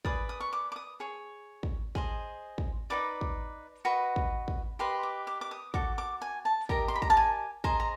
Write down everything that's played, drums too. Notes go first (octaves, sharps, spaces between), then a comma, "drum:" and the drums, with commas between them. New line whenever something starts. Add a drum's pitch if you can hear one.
G#4 B4 D5 D#6, drum: kick
D#6
C#6
D6
D6
D#6
G#4 C#5
drum: kick
G#4 C5 D#5, drum: kick
drum: kick
D#4 F#4 B4 D5 D6
drum: kick
F#4 B4 D#5
drum: kick
drum: kick
G4 B4 D#5 C6
D6
D6
D6
D#6
F#4 A4 D6, drum: kick
D6
G#5
A5
G4 A#4 D#5 A#5, drum: kick
C6
B5
A#5, drum: kick
A5
G#5
G#4 C5 D#5 A#5, drum: kick
A#5